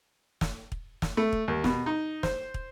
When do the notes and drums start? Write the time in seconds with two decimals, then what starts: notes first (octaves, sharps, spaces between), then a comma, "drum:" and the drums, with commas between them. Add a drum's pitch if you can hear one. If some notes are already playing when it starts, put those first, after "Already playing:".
0.41 drum: snare
0.72 drum: kick
1.02 drum: snare
1.17 A3
1.33 drum: kick
1.48 D#2
1.64 B2, drum: snare
1.86 D#4
2.23 C5, drum: snare
2.54 drum: kick